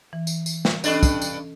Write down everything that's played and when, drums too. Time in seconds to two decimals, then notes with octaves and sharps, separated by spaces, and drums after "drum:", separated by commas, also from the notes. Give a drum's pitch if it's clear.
0.13 E3
0.27 drum: tambourine
0.46 drum: tambourine
0.65 drum: snare
0.84 G2 C#4 D4 A4 D#5, drum: tambourine
1.03 drum: kick, tambourine
1.22 drum: tambourine